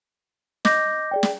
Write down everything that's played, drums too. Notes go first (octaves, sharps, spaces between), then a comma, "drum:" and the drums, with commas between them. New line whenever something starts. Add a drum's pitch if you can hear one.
D#5 D6 G6 A#6, drum: snare
G#4 D5 G5
drum: snare